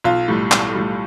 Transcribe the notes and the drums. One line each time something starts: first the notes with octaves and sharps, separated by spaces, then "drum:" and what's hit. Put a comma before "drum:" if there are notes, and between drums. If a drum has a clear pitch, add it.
B1 F4
A2 G3
B1, drum: clap
A2 G3